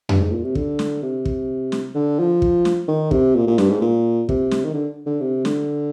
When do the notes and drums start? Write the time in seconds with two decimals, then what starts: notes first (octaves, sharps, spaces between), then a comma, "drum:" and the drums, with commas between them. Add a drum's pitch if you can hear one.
0.09 G2, drum: tom F2
0.21 G#2
0.32 A#2
0.44 C3
0.55 D3, drum: kick
0.79 drum: snare
1.03 C3
1.25 drum: kick
1.72 drum: snare
1.95 D3
2.19 F3
2.42 drum: kick
2.65 drum: snare
2.88 D#3
3.11 C3, drum: kick
3.36 A#2
3.47 A#2
3.58 G2, drum: snare
3.70 G#2
3.81 A#2
4.29 C3, drum: kick
4.51 drum: snare
4.64 D#3
4.74 D3
5.06 D3
5.21 C3
5.45 D3, drum: snare